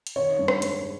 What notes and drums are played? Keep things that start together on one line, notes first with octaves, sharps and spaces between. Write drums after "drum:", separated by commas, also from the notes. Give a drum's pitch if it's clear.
drum: hi-hat
D#3 C#5
G2
drum: rim click
G#3, drum: hi-hat